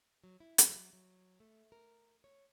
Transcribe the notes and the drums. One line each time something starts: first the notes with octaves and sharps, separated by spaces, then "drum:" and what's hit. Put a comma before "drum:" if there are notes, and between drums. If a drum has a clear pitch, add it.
F#3
E4
F#3, drum: hi-hat
F#3
A3
A#4
C#5